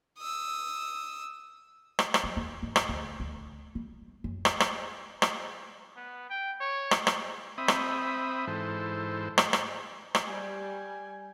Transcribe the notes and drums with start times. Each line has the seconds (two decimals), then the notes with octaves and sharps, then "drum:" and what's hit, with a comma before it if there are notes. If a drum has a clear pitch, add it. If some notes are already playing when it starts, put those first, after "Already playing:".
0.18 D#6 E6
1.99 drum: rim click
2.14 drum: rim click
2.24 F#3
2.37 D#2
2.63 G#2
2.76 drum: rim click
2.89 D2
3.20 D2
3.75 G3
4.24 F#2
4.45 drum: rim click
4.60 drum: rim click
5.22 drum: rim click
5.97 B3
6.30 G5
6.61 C#5
6.91 drum: rim click
7.07 drum: rim click
7.58 C4 E5 B5 D#6
7.68 drum: rim click
8.47 G#2 E3 A4 C5
9.38 drum: rim click
9.53 drum: rim click
10.15 drum: rim click
10.27 G3 G#5